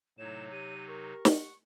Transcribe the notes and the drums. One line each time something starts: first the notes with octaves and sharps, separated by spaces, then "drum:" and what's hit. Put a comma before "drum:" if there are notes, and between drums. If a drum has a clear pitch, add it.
A2 C3 F#3 D#4 C#5 E7
G4 D#7
A#4 C#6
F#5, drum: snare